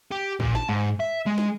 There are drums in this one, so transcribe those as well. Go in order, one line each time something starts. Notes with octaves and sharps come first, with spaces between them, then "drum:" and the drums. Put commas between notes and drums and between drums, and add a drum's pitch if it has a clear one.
G4
A#2, drum: kick
A5, drum: snare
G#2
E5
G#3
drum: snare